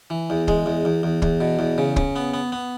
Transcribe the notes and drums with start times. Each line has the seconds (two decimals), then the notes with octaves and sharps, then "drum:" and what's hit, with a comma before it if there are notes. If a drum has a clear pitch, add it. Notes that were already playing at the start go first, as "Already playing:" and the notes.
0.10 E3
0.30 E2
0.48 G#3, drum: kick
0.66 E2
0.85 E2
1.03 E2
1.22 E2, drum: kick
1.41 B2
1.59 E2
1.78 C#3
1.96 C#3, drum: kick
2.16 B3
2.34 B3
2.52 B3